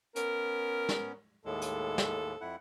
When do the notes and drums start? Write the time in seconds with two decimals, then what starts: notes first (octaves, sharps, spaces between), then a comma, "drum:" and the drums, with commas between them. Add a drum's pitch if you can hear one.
0.16 B3 C#4 A#4, drum: hi-hat
0.89 drum: snare
1.45 D#2 A2 G#3 A4
1.62 drum: hi-hat
1.98 drum: snare
2.41 F2 E4 F#5